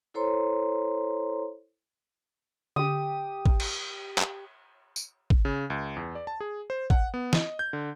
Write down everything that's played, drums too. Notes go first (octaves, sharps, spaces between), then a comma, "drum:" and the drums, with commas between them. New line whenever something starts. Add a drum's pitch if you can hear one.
E4 A4 C5 C#5 A#5 C6
D3 G4 D#6
drum: kick
drum: cymbal
drum: clap
drum: tambourine
drum: kick
C#3
C#2
E2
D5
A5
G#4
C5
F#5, drum: kick
B3
D#5, drum: snare
G6
D3